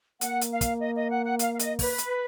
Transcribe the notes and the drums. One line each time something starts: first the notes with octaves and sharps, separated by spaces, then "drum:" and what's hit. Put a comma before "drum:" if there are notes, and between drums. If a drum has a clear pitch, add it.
A#3 F#5, drum: hi-hat
drum: hi-hat
F5
drum: kick, hi-hat
D#5
D#5
F#5
F#5
F5, drum: hi-hat
F5
D#5, drum: hi-hat
B4, drum: kick, open hi-hat
drum: hi-hat